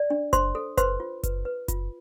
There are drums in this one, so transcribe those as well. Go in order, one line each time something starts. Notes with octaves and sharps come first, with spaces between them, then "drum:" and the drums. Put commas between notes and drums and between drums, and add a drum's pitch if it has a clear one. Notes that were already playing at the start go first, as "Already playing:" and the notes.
Already playing: D5
D4
C5 C6, drum: kick F#1, hi-hat
A4
B4 C5 C6, drum: kick F#1, hi-hat
F4
B4, drum: kick F#1, hi-hat
B4
F4, drum: kick F#1, hi-hat